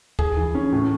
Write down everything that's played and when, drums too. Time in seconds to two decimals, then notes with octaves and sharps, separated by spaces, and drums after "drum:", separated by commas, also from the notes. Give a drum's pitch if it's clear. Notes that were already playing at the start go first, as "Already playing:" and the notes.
0.19 G#4, drum: kick D2
0.37 E3
0.55 C#4
0.72 A2